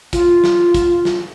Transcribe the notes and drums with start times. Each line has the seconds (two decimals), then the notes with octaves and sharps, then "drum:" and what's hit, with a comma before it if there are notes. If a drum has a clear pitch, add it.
0.13 F4, drum: kick, hi-hat
0.44 drum: snare
0.74 drum: kick, hi-hat
1.05 drum: snare